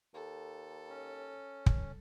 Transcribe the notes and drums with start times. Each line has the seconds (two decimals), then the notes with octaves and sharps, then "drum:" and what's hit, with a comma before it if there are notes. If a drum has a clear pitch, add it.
0.14 D#2 A4
0.90 C#4
1.66 drum: kick